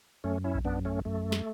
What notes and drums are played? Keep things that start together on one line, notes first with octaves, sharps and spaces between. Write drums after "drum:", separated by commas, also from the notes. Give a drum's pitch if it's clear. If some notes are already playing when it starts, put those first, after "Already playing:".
F#2 A3 C#4
C#4 E4
drum: kick A#1
F#2 B3 D4
A3 C#4
F#2 A3
drum: snare